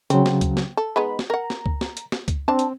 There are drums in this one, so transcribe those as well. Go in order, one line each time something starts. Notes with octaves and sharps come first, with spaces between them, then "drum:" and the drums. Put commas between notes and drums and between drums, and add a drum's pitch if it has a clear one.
C#3 F#3 C4, drum: hi-hat
drum: snare
drum: kick C#2, hi-hat
drum: snare
A4
G#3 B3 D#4 B5
drum: snare
A#4 F#5 A#5
drum: snare
drum: kick C#2
drum: snare
drum: hi-hat
drum: snare
drum: kick C#2, hi-hat
C4 D4 A5
drum: hi-hat